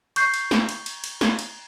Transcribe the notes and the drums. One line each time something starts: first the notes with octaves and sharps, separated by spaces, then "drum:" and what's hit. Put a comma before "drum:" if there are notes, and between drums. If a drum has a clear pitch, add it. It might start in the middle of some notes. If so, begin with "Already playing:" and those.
C#6 G6 C7, drum: cymbal
drum: cymbal
drum: snare
drum: cymbal
drum: cymbal
drum: cymbal
drum: snare
drum: cymbal